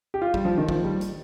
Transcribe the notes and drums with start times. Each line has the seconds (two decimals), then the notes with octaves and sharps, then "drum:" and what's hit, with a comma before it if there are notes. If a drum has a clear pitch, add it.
0.14 G4
0.22 F4
0.34 G3, drum: kick
0.45 F3
0.58 D#3
0.69 F3, drum: kick
0.85 G3
1.01 drum: hi-hat